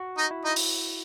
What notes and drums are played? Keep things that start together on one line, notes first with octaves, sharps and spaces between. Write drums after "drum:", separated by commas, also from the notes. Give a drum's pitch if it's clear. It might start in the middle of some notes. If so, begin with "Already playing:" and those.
Already playing: F#4
D#4 D#5
E4
D#4 D#5
drum: open hi-hat